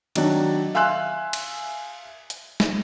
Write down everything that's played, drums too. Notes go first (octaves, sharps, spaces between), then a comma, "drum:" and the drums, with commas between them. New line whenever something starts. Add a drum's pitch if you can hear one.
D#3 F#3 D4, drum: cymbal
E5 F5 G#5 C6 E6 F#6
drum: cymbal
drum: hi-hat
drum: snare